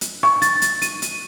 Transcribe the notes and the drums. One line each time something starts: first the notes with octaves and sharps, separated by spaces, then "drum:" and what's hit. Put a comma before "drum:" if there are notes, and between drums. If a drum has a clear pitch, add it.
drum: hi-hat
C#6, drum: rim click
A6, drum: hi-hat
drum: hi-hat
D#7, drum: hi-hat
drum: hi-hat